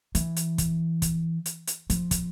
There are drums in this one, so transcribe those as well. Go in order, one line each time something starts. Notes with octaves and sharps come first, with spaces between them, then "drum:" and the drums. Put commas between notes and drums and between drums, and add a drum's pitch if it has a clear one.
E3, drum: hi-hat
drum: hi-hat
drum: kick, hi-hat
drum: kick, hi-hat
drum: hi-hat
drum: hi-hat
F3, drum: kick, hi-hat
drum: kick, hi-hat